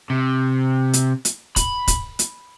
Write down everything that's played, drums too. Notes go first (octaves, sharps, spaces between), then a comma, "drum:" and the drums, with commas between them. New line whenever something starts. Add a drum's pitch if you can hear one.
C3
drum: hi-hat
drum: hi-hat
B5, drum: kick, hi-hat
drum: kick, hi-hat
drum: hi-hat